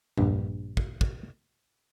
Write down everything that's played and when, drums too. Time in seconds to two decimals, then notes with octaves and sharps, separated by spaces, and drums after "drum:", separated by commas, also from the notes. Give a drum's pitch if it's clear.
0.18 A#1 G2, drum: tom E2
0.77 drum: kick
1.01 drum: kick